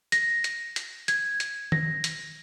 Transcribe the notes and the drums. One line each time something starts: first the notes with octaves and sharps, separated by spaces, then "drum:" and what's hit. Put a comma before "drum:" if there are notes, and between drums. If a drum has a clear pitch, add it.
A#6, drum: hi-hat
drum: hi-hat
drum: hi-hat
G#6, drum: hi-hat
drum: hi-hat
A#6, drum: tom
drum: hi-hat